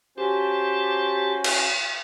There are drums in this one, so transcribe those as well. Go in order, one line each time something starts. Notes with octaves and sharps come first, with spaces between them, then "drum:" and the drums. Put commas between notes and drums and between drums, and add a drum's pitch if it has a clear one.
C#4 F#4 G4 C5 A5
drum: cymbal